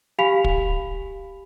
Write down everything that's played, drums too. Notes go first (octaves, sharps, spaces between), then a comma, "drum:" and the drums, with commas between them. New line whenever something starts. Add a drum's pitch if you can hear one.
G4 F5 G#5 B5 B6 F7
drum: kick